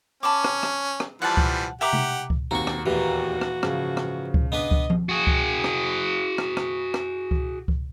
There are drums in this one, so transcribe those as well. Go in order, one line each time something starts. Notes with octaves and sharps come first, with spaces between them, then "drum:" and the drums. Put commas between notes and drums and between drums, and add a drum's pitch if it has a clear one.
C#4 A5 B5 D6
drum: rim click
drum: rim click
drum: rim click
E3 F3 G3 F#5 A5
drum: kick C#2
G4 E5 F#5 A#5 D6
drum: tom C3
drum: kick C#2
D#2 C4 F#4 A#5 C#6
drum: rim click
E2 A#2 E3 A3 F#4 G4
drum: rim click
G#2 C#3 F3, drum: rim click
drum: rim click
drum: kick C#2
B3 D4 B4 D#5
drum: kick C#2
drum: tom F3
F#4 G#4
drum: kick C#2
drum: rim click
drum: rim click
drum: rim click
drum: rim click
drum: kick C#2
drum: kick C#2